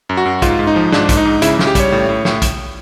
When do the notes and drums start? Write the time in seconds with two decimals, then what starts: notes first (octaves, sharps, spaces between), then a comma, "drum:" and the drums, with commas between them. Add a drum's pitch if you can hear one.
0.09 F#2
0.17 F#4
0.26 F#2
0.42 G#2 F4, drum: kick, hi-hat
0.59 G#2
0.67 D#4
0.76 F3
0.92 G#2 D4, drum: snare
1.09 G#2, drum: kick, hi-hat
1.17 D#4
1.25 G#2
1.42 C#3 E4, drum: hi-hat
1.59 C#3, drum: snare
1.67 G4
1.75 G3 C#5, drum: kick, hi-hat
1.92 A2
2.09 A2
2.25 A2, drum: snare
2.42 drum: kick, hi-hat